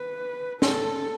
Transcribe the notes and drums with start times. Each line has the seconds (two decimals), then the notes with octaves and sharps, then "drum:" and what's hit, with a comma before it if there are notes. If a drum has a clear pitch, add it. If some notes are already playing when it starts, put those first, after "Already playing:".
Already playing: B4
0.62 A4, drum: snare